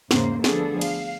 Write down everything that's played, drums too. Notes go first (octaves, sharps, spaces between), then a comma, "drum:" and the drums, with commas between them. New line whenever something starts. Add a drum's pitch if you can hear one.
E2 G#2 C#3 A#3 C5, drum: snare
D2 F3 B3 D4 G#4 A4, drum: snare
F5, drum: cymbal